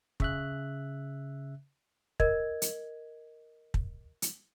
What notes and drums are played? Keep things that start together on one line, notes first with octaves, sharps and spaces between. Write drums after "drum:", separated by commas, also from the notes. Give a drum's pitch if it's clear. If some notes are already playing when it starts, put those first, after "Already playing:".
C#3 E5 F#6, drum: kick
A#4 D#5 G#6, drum: kick
drum: hi-hat
drum: kick
drum: hi-hat